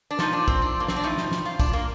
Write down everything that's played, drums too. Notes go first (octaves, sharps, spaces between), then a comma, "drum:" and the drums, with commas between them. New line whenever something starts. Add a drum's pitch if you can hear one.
D4
A#2 F3 D#4, drum: snare
D4
C4, drum: kick
D4
A#3
C4, drum: snare
D4
A2 F3 D#4
drum: snare
drum: snare
F4
D4, drum: kick, tambourine
A#3